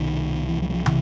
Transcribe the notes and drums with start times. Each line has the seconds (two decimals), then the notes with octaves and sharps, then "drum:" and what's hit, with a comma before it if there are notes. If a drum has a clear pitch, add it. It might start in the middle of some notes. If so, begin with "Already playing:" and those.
Already playing: C2 B2 D#3
0.49 E3
0.62 F3
0.69 F#3
0.74 F3
0.86 E3, drum: tom